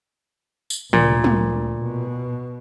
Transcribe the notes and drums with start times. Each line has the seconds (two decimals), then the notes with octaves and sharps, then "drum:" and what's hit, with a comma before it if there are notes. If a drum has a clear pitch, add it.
0.70 drum: tambourine
0.93 D2 A#2, drum: tom
1.24 drum: tom
1.83 B2